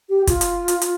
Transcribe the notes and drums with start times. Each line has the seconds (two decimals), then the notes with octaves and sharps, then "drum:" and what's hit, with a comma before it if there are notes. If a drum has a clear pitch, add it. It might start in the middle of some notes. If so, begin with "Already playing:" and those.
0.09 G4
0.27 F4, drum: kick, hi-hat
0.41 drum: hi-hat
0.68 drum: hi-hat
0.82 drum: hi-hat